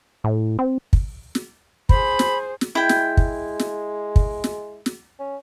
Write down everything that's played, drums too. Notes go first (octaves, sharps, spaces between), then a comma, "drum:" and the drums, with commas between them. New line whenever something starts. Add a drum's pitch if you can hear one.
A2
C4
drum: kick
drum: snare
G#4 C5 B5, drum: kick
drum: snare
drum: snare
G#3 E4 G5
drum: snare
drum: kick
drum: snare
drum: kick
drum: snare
drum: snare
C#4